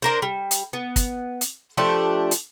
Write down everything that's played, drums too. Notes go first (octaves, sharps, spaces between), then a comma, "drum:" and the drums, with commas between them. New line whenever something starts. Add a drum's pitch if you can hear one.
D4 A#4 C5
G3
drum: hi-hat
B3
drum: kick, hi-hat
drum: hi-hat
F3 A3 D4 G4
drum: hi-hat